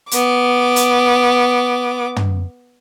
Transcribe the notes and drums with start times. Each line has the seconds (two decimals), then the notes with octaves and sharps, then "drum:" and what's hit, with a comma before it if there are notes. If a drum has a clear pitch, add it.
0.11 B3 D6, drum: hi-hat
0.76 drum: hi-hat
2.16 drum: tom